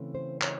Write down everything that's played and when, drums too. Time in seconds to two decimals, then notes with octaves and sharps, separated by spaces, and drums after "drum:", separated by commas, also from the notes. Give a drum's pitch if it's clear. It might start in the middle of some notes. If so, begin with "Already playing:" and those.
Already playing: C#3 E3 A3 C4
0.15 C5
0.42 C#5, drum: clap